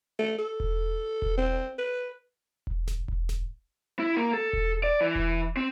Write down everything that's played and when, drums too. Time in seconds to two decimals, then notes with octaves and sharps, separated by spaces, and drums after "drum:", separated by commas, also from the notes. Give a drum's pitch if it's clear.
0.19 A3
0.38 A4
0.60 drum: kick E1
1.22 drum: kick E1
1.37 C4
1.78 B4
2.67 drum: kick E1
2.88 drum: snare G#1
3.08 drum: kick E1
3.29 drum: snare G#1
3.99 E4
4.17 A#3
4.33 A4
4.53 drum: kick E1
4.83 D5
5.01 E3
5.15 drum: kick E1
5.57 C4